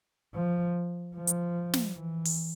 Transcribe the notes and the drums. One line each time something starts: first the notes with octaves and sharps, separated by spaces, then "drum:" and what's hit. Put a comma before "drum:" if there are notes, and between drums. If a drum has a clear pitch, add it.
F3
F3
drum: hi-hat
drum: snare
E3
drum: open hi-hat